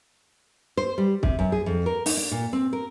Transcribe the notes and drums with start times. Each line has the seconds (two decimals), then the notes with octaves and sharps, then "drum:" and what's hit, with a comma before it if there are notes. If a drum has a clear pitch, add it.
0.77 C5
0.98 G3
1.23 C3, drum: kick
1.39 F#2
1.52 G#4
1.66 F2
1.86 A#4
2.06 D#4, drum: open hi-hat
2.17 D4
2.31 A#2
2.53 C4
2.73 A#4